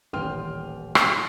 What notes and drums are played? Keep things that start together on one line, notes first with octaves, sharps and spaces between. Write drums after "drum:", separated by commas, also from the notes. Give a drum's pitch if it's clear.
D#1 A1 B4 G5 C6 F6
drum: rim click